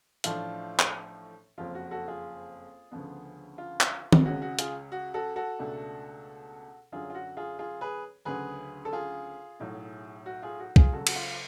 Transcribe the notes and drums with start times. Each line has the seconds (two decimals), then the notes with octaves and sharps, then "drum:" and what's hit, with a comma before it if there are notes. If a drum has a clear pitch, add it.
0.24 A1 A2 F3 A3 D4 F4, drum: hi-hat
0.80 drum: clap
1.58 F#1 F2 F3 F4
1.75 F#4
1.91 F#4 A4
2.08 F4 G#4
2.91 D2 C#3 F3 B3
3.58 F4
3.81 drum: clap
4.13 drum: tom D#3
4.25 C#2 C#3 G#3 C#4 F#4
4.42 F#4
4.59 F4 G#4, drum: hi-hat
4.92 F#4
5.14 F#4 A4
5.36 F#4 A4
5.59 C#2 B2 A3 D4
6.92 F#2 D3 F#3 F4 G#4
7.10 F4
7.15 F#4
7.37 F4 G#4
7.59 F4 G#4
7.81 G#4 B4
8.25 D2 C#3 F#3 G#4 B4
8.85 A4
8.93 F4 G#4
9.60 B1 A2 F#3
10.26 F#4
10.43 F4 G#4
10.59 F#4
10.76 F4 G#4, drum: kick B1
10.93 C#2 C#3 F#3 F#4 A4
11.07 F#4, drum: cymbal
11.16 F4